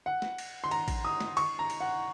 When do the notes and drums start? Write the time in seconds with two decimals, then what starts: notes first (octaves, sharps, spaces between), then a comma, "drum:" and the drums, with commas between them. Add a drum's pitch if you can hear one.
0.06 F#5
0.22 drum: snare
0.38 drum: cymbal
0.64 C6
0.71 A#5, drum: cymbal
0.88 drum: kick A1, cymbal
1.05 D#6
1.20 drum: snare
1.37 C#6, drum: cymbal
1.59 A#5
1.70 drum: cymbal
1.80 F#5